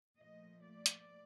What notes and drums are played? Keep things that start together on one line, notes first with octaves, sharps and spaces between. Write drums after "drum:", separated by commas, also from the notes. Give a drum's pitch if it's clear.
A#2 F3 A3 D#5
D5
drum: hi-hat